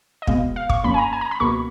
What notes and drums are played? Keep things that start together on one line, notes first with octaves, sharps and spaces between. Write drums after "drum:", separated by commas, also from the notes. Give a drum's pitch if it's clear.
D#5
B2 G#3 B3 F5, drum: kick
F5
C#6, drum: kick
F#2 F3 A#3 C#4 B5
G#5
A#5
G#5
A#5
B5
C#2 B2 F#3 A#3 C#6